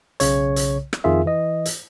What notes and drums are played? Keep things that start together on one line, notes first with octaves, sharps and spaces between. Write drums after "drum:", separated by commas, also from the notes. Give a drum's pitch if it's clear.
B1 C#3 C#5, drum: hi-hat
drum: hi-hat
drum: rim click
F2 D#3 F4 G#4 E5
E3 D#5
drum: hi-hat